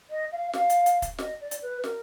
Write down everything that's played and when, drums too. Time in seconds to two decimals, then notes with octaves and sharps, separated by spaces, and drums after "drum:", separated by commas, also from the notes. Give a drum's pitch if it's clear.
0.10 D#5
0.32 F5
0.53 F5, drum: snare
0.70 drum: hi-hat
0.86 drum: hi-hat
1.02 drum: kick, hi-hat
1.18 D#5, drum: snare
1.40 D5
1.51 drum: hi-hat
1.62 B4
1.84 A#4, drum: snare